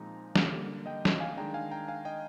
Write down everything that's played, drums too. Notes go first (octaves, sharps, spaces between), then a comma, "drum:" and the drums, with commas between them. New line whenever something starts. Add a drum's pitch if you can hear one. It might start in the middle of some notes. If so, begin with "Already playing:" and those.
Already playing: A#2 F3 G#3 C4 D#4 A#5
D3 G3 A#3, drum: snare
D#5 G5
drum: snare
F5 G#5
D#3 G#3 D4 G5 A#5
F5 G#5
G5 A#5
F5 G#5
D#5 G5